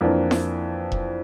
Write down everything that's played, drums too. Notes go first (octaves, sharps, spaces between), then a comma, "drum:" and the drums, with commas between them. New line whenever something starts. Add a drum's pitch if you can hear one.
F2 E3 A#3 D4
drum: snare E4
drum: kick E1